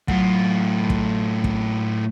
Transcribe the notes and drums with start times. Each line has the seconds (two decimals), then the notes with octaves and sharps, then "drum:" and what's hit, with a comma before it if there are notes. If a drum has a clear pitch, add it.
0.08 A2 F#3 F4, drum: kick
0.90 drum: kick
1.44 drum: kick